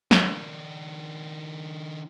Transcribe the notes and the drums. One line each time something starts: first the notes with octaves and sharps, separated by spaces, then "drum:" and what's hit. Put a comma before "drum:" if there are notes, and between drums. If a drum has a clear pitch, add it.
D#3 D4, drum: snare